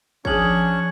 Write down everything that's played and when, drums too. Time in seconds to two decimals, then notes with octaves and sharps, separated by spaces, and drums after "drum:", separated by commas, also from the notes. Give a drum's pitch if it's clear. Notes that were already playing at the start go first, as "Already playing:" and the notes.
0.25 F3 C#4 D4 G#4 C#5 C#6 G#6 F#7, drum: kick